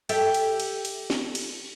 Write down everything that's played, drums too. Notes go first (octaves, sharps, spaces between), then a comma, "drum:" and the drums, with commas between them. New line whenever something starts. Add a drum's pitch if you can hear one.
G4 A4 E5, drum: cymbal
drum: cymbal
drum: cymbal
drum: cymbal
drum: snare
drum: cymbal